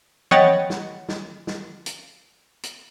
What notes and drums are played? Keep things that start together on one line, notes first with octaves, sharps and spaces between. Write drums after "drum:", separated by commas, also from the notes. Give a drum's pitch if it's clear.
C#5 D#5 F#5 G5 B5 A6, drum: tom E3
drum: snare
drum: snare
drum: snare
drum: hi-hat
drum: hi-hat